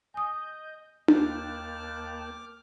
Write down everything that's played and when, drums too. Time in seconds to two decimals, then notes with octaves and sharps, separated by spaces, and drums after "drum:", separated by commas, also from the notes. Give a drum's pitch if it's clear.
0.14 D#5 G#5 D#6 G6
1.08 D#2 A#3 G5 A5 D6 F6 F#6, drum: tom D4